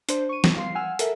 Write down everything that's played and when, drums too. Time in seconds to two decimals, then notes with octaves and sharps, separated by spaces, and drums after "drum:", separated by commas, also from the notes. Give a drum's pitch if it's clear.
0.09 D4 C5, drum: hi-hat
0.29 C#6 D#7
0.44 G3, drum: snare
0.57 F5 C6 C7
0.75 F#5 G#5 E6 F6
0.99 A4 A#4 E5, drum: hi-hat